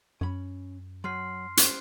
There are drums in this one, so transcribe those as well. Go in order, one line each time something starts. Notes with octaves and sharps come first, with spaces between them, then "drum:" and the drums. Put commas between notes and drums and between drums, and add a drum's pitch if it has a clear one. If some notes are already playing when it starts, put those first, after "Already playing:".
F#2 C#4 B5
F#3 C6 F6 C7
C#4 G4 C5 F#6, drum: hi-hat